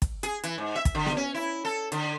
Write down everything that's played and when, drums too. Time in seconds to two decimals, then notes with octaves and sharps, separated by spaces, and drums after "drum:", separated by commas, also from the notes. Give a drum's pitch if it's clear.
0.02 drum: kick, hi-hat
0.23 G#4, drum: hi-hat
0.44 E3, drum: hi-hat
0.58 G#2
0.75 E5
0.85 drum: kick, hi-hat
0.95 D3
1.06 drum: snare B3
1.17 C#4
1.34 E4
1.65 A4
1.92 D3, drum: hi-hat